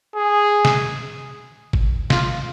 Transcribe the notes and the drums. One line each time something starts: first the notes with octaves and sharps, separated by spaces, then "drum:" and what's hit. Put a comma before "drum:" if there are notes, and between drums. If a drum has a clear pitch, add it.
G#4
drum: snare
drum: kick G1
F4, drum: snare